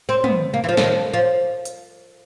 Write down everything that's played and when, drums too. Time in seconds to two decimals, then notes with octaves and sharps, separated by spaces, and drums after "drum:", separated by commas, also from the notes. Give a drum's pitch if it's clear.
0.09 C4
0.24 B3, drum: tom
0.54 A#3
0.64 E3
0.69 F3
0.77 D3, drum: snare
0.83 D#3
1.14 F3
1.65 drum: hi-hat